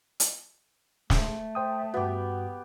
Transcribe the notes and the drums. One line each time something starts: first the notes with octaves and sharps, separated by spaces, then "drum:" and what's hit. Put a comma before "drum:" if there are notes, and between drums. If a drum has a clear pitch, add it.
drum: hi-hat
A3, drum: snare
C5 G5 D#6
G2 B3 F#4 G4